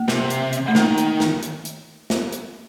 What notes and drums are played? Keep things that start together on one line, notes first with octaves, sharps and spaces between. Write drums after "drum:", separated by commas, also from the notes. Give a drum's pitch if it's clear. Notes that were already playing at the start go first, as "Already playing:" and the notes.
Already playing: A#3
C3, drum: snare
drum: hi-hat
drum: hi-hat
A3
D#3 A#3, drum: snare
drum: hi-hat
drum: snare
drum: hi-hat
drum: hi-hat
drum: snare
drum: hi-hat